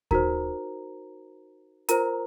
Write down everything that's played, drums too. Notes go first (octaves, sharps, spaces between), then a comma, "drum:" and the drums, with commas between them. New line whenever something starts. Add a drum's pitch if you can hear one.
D#4 F#4 A#4 C5 A#5, drum: kick D#2
F4 A#4 C5 A#5, drum: hi-hat